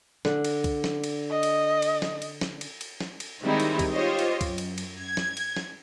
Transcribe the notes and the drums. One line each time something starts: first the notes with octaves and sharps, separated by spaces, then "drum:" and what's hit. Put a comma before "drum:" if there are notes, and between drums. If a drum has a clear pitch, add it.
D3, drum: snare
drum: cymbal
drum: kick, cymbal
drum: snare
drum: cymbal
D#5
drum: cymbal
drum: cymbal
drum: snare
drum: cymbal
drum: snare
drum: cymbal
drum: cymbal
drum: snare
drum: cymbal
D#3 G3 G#3 C4 D#4 E4
drum: cymbal
drum: kick, cymbal
F4 G4 C5 C#5 D#5
drum: cymbal
F#2, drum: kick, cymbal
drum: cymbal
drum: cymbal
G#6
drum: snare
drum: cymbal
drum: snare